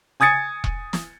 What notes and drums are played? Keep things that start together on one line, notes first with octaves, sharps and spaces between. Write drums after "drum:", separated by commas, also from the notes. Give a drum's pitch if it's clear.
G#5 D#6 G#6 A6 C#7
drum: kick E1
drum: snare